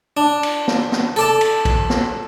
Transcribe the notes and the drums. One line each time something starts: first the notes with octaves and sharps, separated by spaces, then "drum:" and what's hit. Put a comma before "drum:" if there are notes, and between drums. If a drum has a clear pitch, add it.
D4
drum: cymbal
drum: snare
drum: snare
A4 D5 A5
drum: cymbal
drum: kick A#1, cymbal
drum: snare